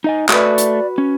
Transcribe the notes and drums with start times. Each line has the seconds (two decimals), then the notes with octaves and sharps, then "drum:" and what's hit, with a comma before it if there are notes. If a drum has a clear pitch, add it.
0.04 D#4 D#5 G#5
0.29 A3 F#4 B4 D5, drum: clap
0.58 drum: hi-hat
0.98 C#4